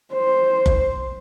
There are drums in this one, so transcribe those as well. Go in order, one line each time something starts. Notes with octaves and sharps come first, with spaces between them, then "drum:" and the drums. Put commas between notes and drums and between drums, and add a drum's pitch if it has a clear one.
C5
drum: kick F#1